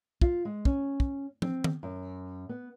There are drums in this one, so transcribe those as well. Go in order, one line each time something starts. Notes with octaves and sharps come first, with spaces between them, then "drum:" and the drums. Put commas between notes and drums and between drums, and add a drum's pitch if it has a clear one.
F4, drum: kick
G#3
C#4, drum: kick
drum: kick
C4, drum: tom
drum: tom D#3
F#2
B3